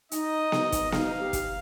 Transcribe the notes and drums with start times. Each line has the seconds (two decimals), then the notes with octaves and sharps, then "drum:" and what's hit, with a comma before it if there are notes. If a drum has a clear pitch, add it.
0.11 D#4 D#5, drum: hi-hat
0.52 drum: snare B3
0.72 drum: kick, hi-hat
0.92 D#4 F5, drum: snare B3
1.20 G4
1.33 drum: kick, hi-hat